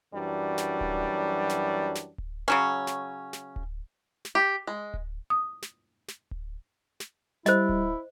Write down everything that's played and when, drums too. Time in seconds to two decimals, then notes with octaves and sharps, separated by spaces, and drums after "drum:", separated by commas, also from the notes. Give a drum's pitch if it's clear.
0.12 F#2 E3 F#3 G3 D4
0.58 drum: snare
0.81 drum: kick D1
1.49 drum: snare
1.95 drum: snare
2.18 drum: kick D1
2.48 C#3 F#3 C#4
2.87 drum: snare
3.33 drum: snare
3.56 drum: kick D1
4.25 drum: snare
4.35 G4
4.67 G#3
4.94 drum: kick D1
5.30 D#6
5.62 drum: snare
6.08 drum: snare
6.31 drum: kick D1
7.00 drum: snare
7.46 G3 E4 C5 D#5, drum: snare
7.69 drum: kick D1